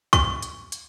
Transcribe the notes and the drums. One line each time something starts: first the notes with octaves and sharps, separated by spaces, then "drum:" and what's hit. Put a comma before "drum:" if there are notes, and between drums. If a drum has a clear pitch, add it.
C#6, drum: kick, hi-hat
drum: hi-hat
drum: hi-hat